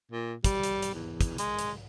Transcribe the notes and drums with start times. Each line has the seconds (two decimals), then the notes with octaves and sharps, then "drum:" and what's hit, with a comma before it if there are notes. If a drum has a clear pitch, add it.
0.11 A#2
0.44 G3, drum: kick, hi-hat
0.63 drum: hi-hat
0.82 drum: hi-hat
0.94 E2
1.21 drum: kick, hi-hat
1.38 G#3, drum: hi-hat
1.59 drum: hi-hat